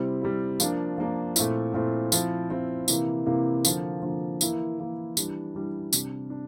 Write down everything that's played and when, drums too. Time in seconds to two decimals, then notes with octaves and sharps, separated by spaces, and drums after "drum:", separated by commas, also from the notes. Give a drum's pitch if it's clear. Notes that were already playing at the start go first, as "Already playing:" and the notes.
Already playing: C3 G3 C4 E4
0.22 C3 G3 C4 E4
0.60 F3 A#3 D4, drum: tambourine
0.98 F3 A#3 D4
1.36 A#2 A3 C4 E4, drum: tambourine
1.74 A#2 A3 C4 E4
2.12 F3 C4 E4, drum: tambourine
2.50 F3 C4 E4
2.88 C3 E3 A#3 E4, drum: tambourine
3.26 C3 E3 A#3 E4
3.65 D3 F3 A#3, drum: tambourine
4.02 D3 F3 A#3
4.41 E3 A#3 E4, drum: tambourine
4.79 E3 A#3 E4
5.17 E3 G3 D4, drum: tambourine
5.55 E3 G3 D4
5.93 C3 G3 D4, drum: tambourine
6.30 D4